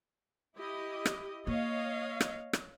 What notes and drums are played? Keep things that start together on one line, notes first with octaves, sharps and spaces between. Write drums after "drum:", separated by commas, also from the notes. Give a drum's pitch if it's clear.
E4 G4 D#5
drum: rim click
A#3 C#5 D#5 F5
drum: rim click
drum: rim click